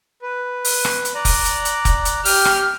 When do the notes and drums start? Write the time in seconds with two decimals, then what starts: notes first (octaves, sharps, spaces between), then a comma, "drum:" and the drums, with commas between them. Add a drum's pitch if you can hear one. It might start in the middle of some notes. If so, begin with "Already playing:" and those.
0.22 B4
0.65 drum: open hi-hat
0.85 drum: rim click
1.05 drum: hi-hat
1.15 D5 A#5 F#6
1.25 drum: kick F1, open hi-hat
1.45 drum: hi-hat
1.65 drum: hi-hat
1.85 drum: kick F1, hi-hat
2.05 drum: hi-hat
2.25 G4 G5 F6, drum: open hi-hat
2.45 drum: rim click